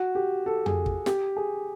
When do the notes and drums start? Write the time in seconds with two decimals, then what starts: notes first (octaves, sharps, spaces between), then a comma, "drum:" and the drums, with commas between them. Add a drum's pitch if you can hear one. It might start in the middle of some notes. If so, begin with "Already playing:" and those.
Already playing: F#4
0.15 G4
0.46 A4
0.66 G#4, drum: tom F2
0.86 drum: kick
1.06 G4, drum: snare
1.37 G#4